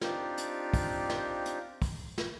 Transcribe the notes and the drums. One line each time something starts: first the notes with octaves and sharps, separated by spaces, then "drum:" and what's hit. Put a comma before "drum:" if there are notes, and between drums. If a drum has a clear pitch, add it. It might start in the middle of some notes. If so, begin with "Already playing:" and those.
C4 D4 D#4 F4 G4, drum: snare
drum: hi-hat
drum: kick, open hi-hat
drum: snare
drum: hi-hat
drum: kick, open hi-hat
drum: snare